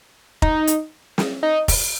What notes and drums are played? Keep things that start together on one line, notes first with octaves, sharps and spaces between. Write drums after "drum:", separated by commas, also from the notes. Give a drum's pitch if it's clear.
D#4, drum: kick F1
drum: hi-hat
drum: snare
D#4
drum: kick F1, open hi-hat